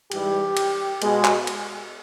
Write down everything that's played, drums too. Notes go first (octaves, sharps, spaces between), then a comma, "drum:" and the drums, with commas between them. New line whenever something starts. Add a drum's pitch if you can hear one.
G#2 E3 G3 G4, drum: cymbal
drum: cymbal
B2 G#3, drum: cymbal
drum: clap
drum: cymbal